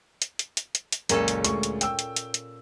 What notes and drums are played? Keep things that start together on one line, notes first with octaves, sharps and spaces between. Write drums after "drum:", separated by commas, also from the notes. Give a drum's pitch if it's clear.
drum: hi-hat
drum: hi-hat
drum: hi-hat
drum: hi-hat
drum: hi-hat
F#1 C#2 A#2 C#4 A4, drum: hi-hat
drum: hi-hat
D2 G#3 C#6, drum: hi-hat
drum: hi-hat
G5 E6, drum: hi-hat
drum: hi-hat
drum: hi-hat
drum: hi-hat